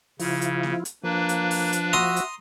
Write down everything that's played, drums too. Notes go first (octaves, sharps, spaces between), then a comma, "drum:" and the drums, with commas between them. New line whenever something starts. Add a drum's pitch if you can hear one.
C#3 F3 E4 F4, drum: open hi-hat
drum: hi-hat
drum: snare A#3
drum: hi-hat
F3 A#3 D4 B4
drum: hi-hat
drum: open hi-hat
drum: hi-hat
F#4 E5 A#5 C6 D#6, drum: snare A#3
drum: hi-hat